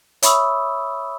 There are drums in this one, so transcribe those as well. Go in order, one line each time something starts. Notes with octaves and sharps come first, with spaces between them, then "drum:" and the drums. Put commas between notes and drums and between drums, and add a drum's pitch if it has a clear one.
C#5 E5 B5 C#6 D#6 E6, drum: hi-hat